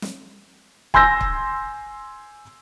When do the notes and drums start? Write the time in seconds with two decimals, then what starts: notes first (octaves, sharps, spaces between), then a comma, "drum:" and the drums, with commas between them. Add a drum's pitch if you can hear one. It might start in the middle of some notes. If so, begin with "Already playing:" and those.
0.02 drum: snare
0.94 G#5 C6 E6 G6 A#6, drum: kick C#1
1.21 drum: kick C#1